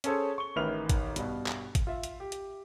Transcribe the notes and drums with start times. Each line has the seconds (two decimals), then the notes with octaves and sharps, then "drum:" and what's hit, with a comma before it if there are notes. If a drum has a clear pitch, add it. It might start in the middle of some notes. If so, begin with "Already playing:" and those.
0.04 C#4 G#4 A4 C5 C#5, drum: hi-hat
0.38 C#6 G7
0.56 A1 D#3 B4 E5 F6 F7
0.89 drum: kick, hi-hat
1.16 G2 B2, drum: hi-hat
1.46 drum: clap
1.75 drum: kick, hi-hat
1.87 F4 E5
2.03 drum: hi-hat
2.20 G4
2.32 drum: hi-hat